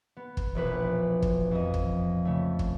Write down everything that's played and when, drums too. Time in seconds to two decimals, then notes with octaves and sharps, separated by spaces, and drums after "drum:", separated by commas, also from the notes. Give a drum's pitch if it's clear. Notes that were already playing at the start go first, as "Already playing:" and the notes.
0.17 B3
0.37 drum: kick
0.55 E1 A#1 B4
1.22 drum: kick
1.51 F2 D#5
1.74 drum: kick
2.25 C#3 A3
2.59 drum: kick